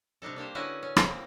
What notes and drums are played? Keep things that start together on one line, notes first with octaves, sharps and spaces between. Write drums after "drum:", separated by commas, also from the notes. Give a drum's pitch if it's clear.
C3 G3 D4 D#4 A4
A#3 D4 G4 C5
D3 C#4 E4 F#4 B4 D#5
C#4
A#3 C4, drum: rim click